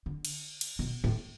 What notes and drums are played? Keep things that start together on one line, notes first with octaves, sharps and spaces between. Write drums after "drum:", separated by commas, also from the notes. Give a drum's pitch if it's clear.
D3
drum: cymbal
drum: cymbal
B2
A2